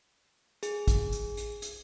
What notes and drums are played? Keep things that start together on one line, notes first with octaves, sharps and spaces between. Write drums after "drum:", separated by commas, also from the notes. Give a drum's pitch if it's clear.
G#4, drum: hi-hat
drum: kick A1, hi-hat
drum: hi-hat
drum: hi-hat
drum: hi-hat